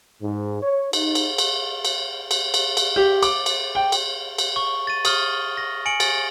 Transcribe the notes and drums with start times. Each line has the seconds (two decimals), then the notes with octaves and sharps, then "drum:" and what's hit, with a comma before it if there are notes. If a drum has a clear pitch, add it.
0.23 G#2
0.63 C#5
0.93 D#4, drum: cymbal
1.15 drum: cymbal
1.38 drum: cymbal
1.85 drum: cymbal
2.31 drum: cymbal
2.54 drum: cymbal
2.77 drum: cymbal
2.96 G4
3.23 D6, drum: cymbal
3.46 drum: cymbal
3.75 G5
3.92 drum: cymbal
4.38 drum: cymbal
4.56 C#6
4.87 A6 D#7
5.05 D#6 F6 G7, drum: cymbal
5.57 A#6
5.86 G#5 C#7 D7 F#7
6.00 A6, drum: cymbal